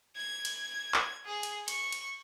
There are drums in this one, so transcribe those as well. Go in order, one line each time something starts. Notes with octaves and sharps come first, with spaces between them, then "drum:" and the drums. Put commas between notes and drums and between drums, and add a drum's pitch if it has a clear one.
G#6
drum: cymbal
drum: clap
G#4
drum: cymbal
C#6, drum: cymbal
drum: cymbal